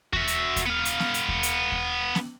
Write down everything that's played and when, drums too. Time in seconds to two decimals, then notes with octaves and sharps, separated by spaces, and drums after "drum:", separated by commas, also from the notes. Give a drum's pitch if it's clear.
0.13 F#4 E5, drum: kick D#2
0.28 drum: hi-hat
0.56 drum: kick D#2, hi-hat
0.66 B3 F5
0.85 drum: hi-hat
1.00 drum: snare B3
1.14 drum: hi-hat
1.29 drum: kick D#2
1.43 drum: hi-hat
1.72 drum: kick D#2
2.15 drum: snare B3